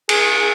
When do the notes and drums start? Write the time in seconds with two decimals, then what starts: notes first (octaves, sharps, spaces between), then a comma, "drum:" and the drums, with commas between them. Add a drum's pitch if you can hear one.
0.09 G#4, drum: cymbal